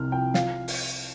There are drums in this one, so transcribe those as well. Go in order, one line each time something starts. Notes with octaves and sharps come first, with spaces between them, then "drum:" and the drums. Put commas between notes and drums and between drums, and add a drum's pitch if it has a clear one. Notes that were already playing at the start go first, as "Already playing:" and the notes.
Already playing: C2 C3 F6
F3 G5
F3 F5, drum: snare
drum: open hi-hat